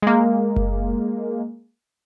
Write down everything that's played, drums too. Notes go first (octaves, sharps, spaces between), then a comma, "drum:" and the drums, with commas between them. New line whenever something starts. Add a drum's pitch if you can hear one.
G#3 A#3
drum: kick F#1